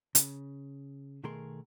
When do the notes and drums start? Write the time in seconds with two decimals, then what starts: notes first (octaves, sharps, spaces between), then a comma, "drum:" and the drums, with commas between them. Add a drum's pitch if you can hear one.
0.15 C#3, drum: hi-hat
1.24 B2 D#3 A3 G#4 A#4 C6